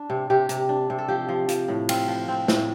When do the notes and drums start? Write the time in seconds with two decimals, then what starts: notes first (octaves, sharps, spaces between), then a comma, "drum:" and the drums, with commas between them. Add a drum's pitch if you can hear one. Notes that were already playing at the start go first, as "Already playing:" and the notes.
Already playing: D4
0.10 C3
0.30 C3 G4
0.49 C3, drum: hi-hat
0.69 D4
0.90 C3
0.98 A4
1.08 F3 G4
1.29 F3
1.48 F3, drum: hi-hat
1.68 A2
1.89 C4 F4, drum: cymbal
2.08 F3
2.28 C4
2.48 A2, drum: snare